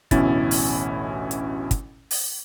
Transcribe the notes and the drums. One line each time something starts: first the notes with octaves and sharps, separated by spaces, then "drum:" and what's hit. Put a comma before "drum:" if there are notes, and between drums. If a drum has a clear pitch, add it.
A1 D2 B2 C#4 E4 A6, drum: kick, hi-hat
drum: open hi-hat
drum: hi-hat
drum: kick, hi-hat
drum: open hi-hat